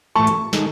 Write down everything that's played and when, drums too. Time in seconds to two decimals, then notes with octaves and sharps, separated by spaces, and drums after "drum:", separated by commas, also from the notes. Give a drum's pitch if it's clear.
0.16 A2 E3 A3 A5 C#6
0.27 drum: hi-hat
0.53 D#3 G#3 D#4 A4, drum: snare